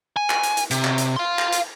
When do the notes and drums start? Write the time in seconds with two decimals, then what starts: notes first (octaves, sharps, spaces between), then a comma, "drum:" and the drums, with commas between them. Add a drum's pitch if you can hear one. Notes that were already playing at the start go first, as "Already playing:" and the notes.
0.17 G#5
0.30 drum: clap
0.43 drum: hi-hat
0.57 drum: hi-hat
0.71 C3, drum: hi-hat
0.84 drum: clap
0.98 drum: hi-hat
1.16 F5 C6
1.39 drum: clap
1.53 drum: hi-hat